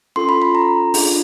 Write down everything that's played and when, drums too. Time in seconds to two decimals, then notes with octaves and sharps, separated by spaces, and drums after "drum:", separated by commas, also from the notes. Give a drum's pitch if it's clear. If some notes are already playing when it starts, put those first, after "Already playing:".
0.16 C#4 F4 A4 C6
0.29 B5
0.42 B5
0.55 A#5
0.94 D4 F4 G#4, drum: open hi-hat